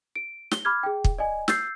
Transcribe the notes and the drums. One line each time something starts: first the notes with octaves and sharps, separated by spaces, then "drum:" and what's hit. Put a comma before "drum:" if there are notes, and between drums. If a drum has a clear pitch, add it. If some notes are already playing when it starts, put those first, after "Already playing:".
D7
G7, drum: snare
B5 D6 F6 G#6
G#4 G5
drum: kick
D5 D#5 G#5
E6 G6 A6 C7, drum: snare